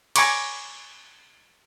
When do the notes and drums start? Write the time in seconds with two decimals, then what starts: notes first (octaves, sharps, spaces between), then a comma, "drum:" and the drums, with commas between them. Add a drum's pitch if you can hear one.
0.16 G#5 A#5 B5 C#6 D6, drum: cymbal